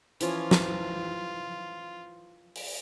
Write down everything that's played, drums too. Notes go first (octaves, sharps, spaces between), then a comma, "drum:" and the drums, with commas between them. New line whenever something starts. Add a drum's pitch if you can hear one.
E3 F3 C#4 F4, drum: hi-hat
drum: snare
drum: open hi-hat